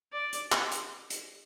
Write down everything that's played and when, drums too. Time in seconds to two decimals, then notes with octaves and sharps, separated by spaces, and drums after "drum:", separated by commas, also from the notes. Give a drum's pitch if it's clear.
0.13 D5
0.33 drum: hi-hat
0.52 drum: clap
0.71 drum: hi-hat
1.10 drum: hi-hat